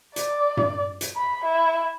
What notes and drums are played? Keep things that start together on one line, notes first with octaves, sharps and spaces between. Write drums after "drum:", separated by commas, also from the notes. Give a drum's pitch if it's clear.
D5, drum: hi-hat
drum: tom G2
drum: hi-hat
B5
E4